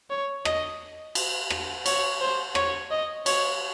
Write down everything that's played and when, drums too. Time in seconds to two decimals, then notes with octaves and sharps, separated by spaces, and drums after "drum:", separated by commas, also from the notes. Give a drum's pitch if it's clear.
0.10 C#5
0.45 D#5, drum: rim click
1.15 drum: cymbal
1.50 drum: rim click
1.86 C#5, drum: cymbal
2.21 C5
2.55 C#5, drum: rim click
2.91 D#5
3.26 C#5, drum: cymbal